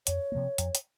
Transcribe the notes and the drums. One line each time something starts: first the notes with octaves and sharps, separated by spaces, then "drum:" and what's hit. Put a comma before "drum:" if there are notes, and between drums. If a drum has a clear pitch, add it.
F2 C#5, drum: hi-hat
C3 F3 A#3
F2, drum: hi-hat
drum: hi-hat